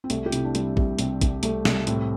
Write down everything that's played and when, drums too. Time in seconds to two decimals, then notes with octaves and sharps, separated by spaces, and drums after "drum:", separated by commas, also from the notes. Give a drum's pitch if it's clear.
0.04 C4
0.10 C2 A3, drum: hi-hat
0.26 G4
0.32 C3 E4, drum: hi-hat
0.45 D4
0.55 G3 C4, drum: hi-hat
0.77 C2, drum: kick A1
0.99 C2 C4, drum: hi-hat
1.21 C2, drum: kick A1, hi-hat
1.43 C2 A3, drum: hi-hat
1.65 C2, drum: snare
1.87 A2 C4, drum: hi-hat